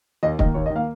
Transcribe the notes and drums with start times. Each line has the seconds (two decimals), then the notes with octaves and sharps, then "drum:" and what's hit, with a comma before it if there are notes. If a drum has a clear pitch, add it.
0.23 D#2 D#5
0.39 D#3 A#3 D#5, drum: kick
0.54 D#2 C#5
0.66 D#5
0.70 D#3
0.75 A#3 F5